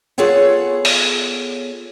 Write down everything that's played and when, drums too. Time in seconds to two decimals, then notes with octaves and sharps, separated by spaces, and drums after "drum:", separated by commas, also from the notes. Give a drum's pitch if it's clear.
0.18 B3 F4 G#4 A4 C#5 F#5
0.85 drum: open hi-hat